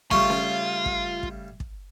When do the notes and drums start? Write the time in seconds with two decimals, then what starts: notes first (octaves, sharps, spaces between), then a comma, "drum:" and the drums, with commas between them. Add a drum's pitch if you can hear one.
0.11 C#3 G3 A3 F4 C#6, drum: kick
0.30 drum: snare C#4
0.86 drum: kick
1.23 drum: kick
1.60 drum: kick